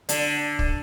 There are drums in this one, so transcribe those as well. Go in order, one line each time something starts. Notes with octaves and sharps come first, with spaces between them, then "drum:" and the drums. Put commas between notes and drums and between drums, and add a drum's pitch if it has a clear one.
D3, drum: hi-hat
drum: kick